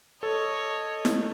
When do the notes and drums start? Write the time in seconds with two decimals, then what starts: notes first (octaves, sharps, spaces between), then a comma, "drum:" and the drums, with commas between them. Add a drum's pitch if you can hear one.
0.23 A4 C#5 D#5
1.05 drum: snare E4